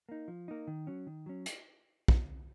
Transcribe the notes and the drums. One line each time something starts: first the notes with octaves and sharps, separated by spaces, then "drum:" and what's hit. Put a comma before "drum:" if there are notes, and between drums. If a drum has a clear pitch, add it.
A#3 D#4
F3
A#3 D#4
D#3
F#3 C#4
D#3
F#3 C#4
drum: hi-hat
drum: kick